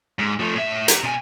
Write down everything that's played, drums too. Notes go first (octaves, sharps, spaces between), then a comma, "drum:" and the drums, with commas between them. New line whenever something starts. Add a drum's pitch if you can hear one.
G#2
F3 A3
A2 E5
G4 A#5, drum: hi-hat
B2 G#5